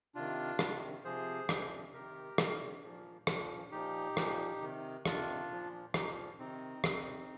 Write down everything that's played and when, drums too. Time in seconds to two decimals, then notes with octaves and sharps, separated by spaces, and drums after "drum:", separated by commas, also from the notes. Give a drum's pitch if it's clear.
0.15 C3 D#3 D4 F4
0.59 C3 D#3, drum: rim click
1.04 C3 F3 G#4 C5
1.49 C3 F3, drum: rim click
1.93 C3 D#3 G4 A#4
2.38 C3 D#3, drum: rim click
2.82 A#2 F3
3.27 A#2 F3, drum: rim click
3.71 A#2 F3 D#4 G4
4.17 A#2 F3, drum: rim click
4.61 C3 D#3
5.05 C3 D#3 D4 F4, drum: rim click
5.51 A#2 F3
5.94 A#2 F3 D#4 G4, drum: rim click
6.39 C3 D#3 C4 D#4
6.84 C3 D#3, drum: rim click